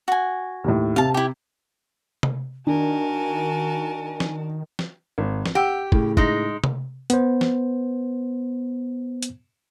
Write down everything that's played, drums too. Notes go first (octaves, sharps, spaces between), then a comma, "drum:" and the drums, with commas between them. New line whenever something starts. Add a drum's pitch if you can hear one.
F#4 G#5
D#2 A2
C3 F5 A5
E4 G4
drum: tom C3
D#3 D4 F#4 A#4 G#5 A5
drum: snare
drum: snare
G#1
drum: snare
G4 F#5 G5 E6
A2 C#3, drum: kick
G#3 D#4, drum: kick
drum: tom C3
B3 C5, drum: hi-hat
drum: snare
drum: hi-hat